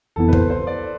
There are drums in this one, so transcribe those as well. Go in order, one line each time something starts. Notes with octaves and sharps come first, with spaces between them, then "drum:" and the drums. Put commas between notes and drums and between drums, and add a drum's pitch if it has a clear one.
G1 F2 E3 B3 E4 A4
B4
C5, drum: kick
C5
D5